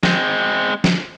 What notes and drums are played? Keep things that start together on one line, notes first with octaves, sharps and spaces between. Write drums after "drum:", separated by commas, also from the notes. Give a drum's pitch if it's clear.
G#3 C4, drum: snare
drum: snare